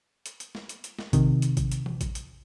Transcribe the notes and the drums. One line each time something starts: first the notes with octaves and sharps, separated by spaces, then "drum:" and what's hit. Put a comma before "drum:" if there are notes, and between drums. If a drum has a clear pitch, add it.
drum: hi-hat
drum: hi-hat
drum: snare
drum: hi-hat
drum: hi-hat
drum: snare
C3 D#3, drum: kick A1, hi-hat
drum: hi-hat
drum: kick A1, hi-hat
drum: hi-hat
drum: tom E3
drum: kick A1, hi-hat
drum: hi-hat